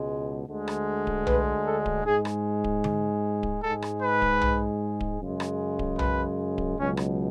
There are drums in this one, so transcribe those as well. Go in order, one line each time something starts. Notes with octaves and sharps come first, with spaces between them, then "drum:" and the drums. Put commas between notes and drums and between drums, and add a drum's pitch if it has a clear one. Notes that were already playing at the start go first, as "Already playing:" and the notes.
Already playing: C#2 B2 G#3
D2 D3 G#3
drum: rim click
drum: kick D1
B4, drum: tom B1
A4
drum: kick D1
G#2 G#3 G#4
drum: rim click
drum: kick D1
drum: tom D3
drum: kick D1
G#2 G#3 A4
drum: rim click
B4
drum: kick D1
drum: tom B1
drum: kick D1
F#2 C#3 G#3
drum: rim click
drum: kick D1
B4, drum: tom B1
drum: kick D1
C#2 B2 F#3 C#4
drum: rim click